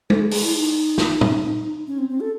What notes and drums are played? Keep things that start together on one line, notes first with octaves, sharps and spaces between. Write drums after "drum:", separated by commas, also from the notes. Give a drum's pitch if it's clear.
A4, drum: tom
G#4
G#4, drum: open hi-hat
E4
D#4
drum: snare
drum: tom
C#4
C4
C4
A4